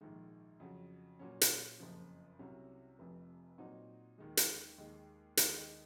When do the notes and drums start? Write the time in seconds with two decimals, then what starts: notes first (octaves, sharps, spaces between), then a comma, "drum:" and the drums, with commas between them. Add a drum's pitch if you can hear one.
0.01 A#1 G#2 D#3 G#3
0.60 F2 C#3 F#3
1.19 A#2 F#3 C#4
1.41 drum: hi-hat
1.80 F#1 F2 C#3 F3
2.39 C2 C3 F#3 C#4
2.99 F1 F2 C3
3.58 A#2 F#3 C4 D#4 F#4
4.18 D#2 D#3 G#3
4.37 drum: hi-hat
4.78 D#2 D#3 G#3
5.37 D#2 D#3 G#3 D#4, drum: hi-hat